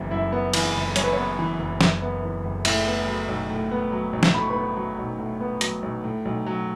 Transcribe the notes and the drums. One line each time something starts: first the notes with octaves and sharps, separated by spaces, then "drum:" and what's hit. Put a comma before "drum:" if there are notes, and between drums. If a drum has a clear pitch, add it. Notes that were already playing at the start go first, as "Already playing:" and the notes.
Already playing: F#1 F#2 E3 B3 E4 E5
F#2 E4 E5
B3
E3, drum: cymbal
F#1
F#2 C#5, drum: hi-hat
B4
B3 C#5
E3
F#1
F#2, drum: snare
B3
E3
F#1
A2 E4 E5, drum: cymbal
B3
F#3
B1
A2
B3
F#3
B1
drum: snare
A2 B5
C#6
B4 B5
B3
F#3
B1
A2
B3
F#3, drum: hi-hat
B1
A2
B1
F#3